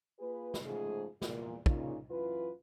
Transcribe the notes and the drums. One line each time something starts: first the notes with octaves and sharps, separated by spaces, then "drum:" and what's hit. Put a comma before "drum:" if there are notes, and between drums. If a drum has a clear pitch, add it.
A#3 F4 G#4 B4
drum: snare
G#2 C#3 F3 A3 D#4 G#4
E2 A#2, drum: snare
A#2 C#3 D#4, drum: kick
F#2 E3 F4 B4